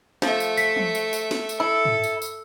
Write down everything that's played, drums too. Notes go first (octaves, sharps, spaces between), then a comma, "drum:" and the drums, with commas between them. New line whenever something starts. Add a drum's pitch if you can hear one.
F3 A3 E5, drum: snare
drum: tambourine
B6, drum: tambourine
drum: tom
drum: tambourine
drum: tambourine
drum: snare
drum: tambourine
E4 A4 E6
drum: tom
drum: tambourine
drum: tambourine